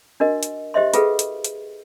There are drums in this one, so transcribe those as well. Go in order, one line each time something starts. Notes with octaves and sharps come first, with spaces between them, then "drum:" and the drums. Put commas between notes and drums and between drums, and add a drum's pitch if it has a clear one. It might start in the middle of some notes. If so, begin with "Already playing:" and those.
D4 F#4 A#4 D#5
drum: hi-hat
G4 C5 D#5 E5 C6
F4 G#4 A4 B4 F#5, drum: hi-hat
drum: hi-hat
drum: hi-hat